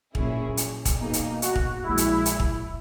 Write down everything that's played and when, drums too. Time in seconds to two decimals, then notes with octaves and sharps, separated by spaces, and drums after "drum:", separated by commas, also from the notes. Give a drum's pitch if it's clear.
0.15 A#2 F#3 C#4 E4 G#4, drum: kick
0.57 drum: hi-hat
0.85 drum: kick, hi-hat
0.99 B2 A#3 D#4 G#4
1.13 drum: hi-hat
1.42 F#4, drum: hi-hat
1.55 drum: kick
1.83 A#1 A#2 G#3 E4
1.98 drum: hi-hat
2.26 drum: hi-hat
2.40 drum: kick